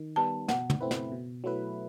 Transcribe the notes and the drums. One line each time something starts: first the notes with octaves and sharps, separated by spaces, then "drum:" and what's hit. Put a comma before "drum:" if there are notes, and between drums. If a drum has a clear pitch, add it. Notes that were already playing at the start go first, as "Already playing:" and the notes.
Already playing: D#3
G3 B3 A5
B2 F#5, drum: snare
drum: tom
A3 C4 E4 B4
drum: snare
B2
F#3 A3 E4 B4